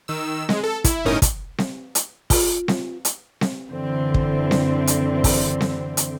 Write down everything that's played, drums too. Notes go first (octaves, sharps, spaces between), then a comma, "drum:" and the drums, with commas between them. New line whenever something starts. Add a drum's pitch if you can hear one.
D#3 E6
G#3, drum: snare C4
A4
E4, drum: kick, hi-hat
G1 A2 C#4 D#4 A#4 D#6
drum: kick, hi-hat
drum: snare C4
drum: hi-hat
F4, drum: kick, open hi-hat
drum: snare C4
drum: hi-hat
drum: snare C4
F#2 D3 E3 C4
drum: kick
drum: snare C4
drum: hi-hat
drum: kick, open hi-hat
drum: snare C4
drum: hi-hat